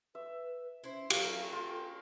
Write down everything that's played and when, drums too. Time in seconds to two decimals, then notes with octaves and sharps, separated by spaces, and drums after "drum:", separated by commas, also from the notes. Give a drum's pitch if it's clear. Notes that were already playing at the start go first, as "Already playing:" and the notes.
0.15 B4 E5
0.84 C#4 E4 C5
1.10 F#3 A4 F5 G5, drum: cymbal
1.52 F4 A4 G5